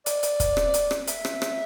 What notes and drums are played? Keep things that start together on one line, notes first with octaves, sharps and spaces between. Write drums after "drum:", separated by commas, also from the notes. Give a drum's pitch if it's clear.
D5, drum: hi-hat
drum: hi-hat
drum: kick, hi-hat
drum: rim click
drum: hi-hat
drum: rim click
E5, drum: hi-hat
drum: rim click
drum: rim click